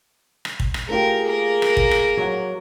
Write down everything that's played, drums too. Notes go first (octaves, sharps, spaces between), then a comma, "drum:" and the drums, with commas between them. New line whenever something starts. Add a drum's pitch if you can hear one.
drum: rim click
drum: kick
drum: rim click
A3 F4 G4 G#4 A#4
A#3 A#4
drum: rim click
drum: kick
drum: rim click
F#3 F#5